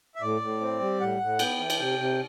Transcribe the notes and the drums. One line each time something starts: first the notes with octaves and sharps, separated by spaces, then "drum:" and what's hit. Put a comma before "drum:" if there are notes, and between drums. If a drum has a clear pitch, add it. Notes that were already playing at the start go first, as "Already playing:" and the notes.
E5
A2 D5
A2
C4
G3
A2 F#5
A2
B3 G5, drum: cymbal
E3
drum: cymbal
C3 G5
C3